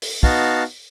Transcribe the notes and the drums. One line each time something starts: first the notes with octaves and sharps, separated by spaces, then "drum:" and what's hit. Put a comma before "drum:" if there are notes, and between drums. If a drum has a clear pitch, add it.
drum: open hi-hat
B3 D#4 F#4 F5 A5, drum: kick